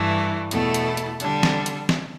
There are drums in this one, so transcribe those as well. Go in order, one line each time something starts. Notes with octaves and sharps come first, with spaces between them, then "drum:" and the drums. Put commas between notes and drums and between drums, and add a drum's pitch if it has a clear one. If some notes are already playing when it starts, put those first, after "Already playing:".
Already playing: G2 E3 A3
E2 B2 A3 E4 A4, drum: hi-hat
drum: hi-hat
drum: hi-hat
D3 G3 D4 A4, drum: hi-hat
drum: snare
drum: hi-hat
drum: snare